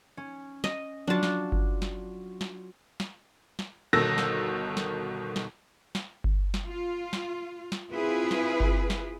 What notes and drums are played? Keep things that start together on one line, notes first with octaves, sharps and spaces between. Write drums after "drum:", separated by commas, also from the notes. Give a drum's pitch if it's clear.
C#4
D#5, drum: snare
F#3 D4 F4 F#4 A5
drum: snare
drum: kick G1
drum: snare
drum: snare
drum: snare
drum: snare
G1 B2 D#3 A4 E6 A#6
drum: snare
drum: snare
drum: snare
drum: snare
drum: kick G1
drum: snare
F4
drum: snare
drum: snare
C4 E4 F4 G#4 B4
drum: snare
drum: kick G1
drum: snare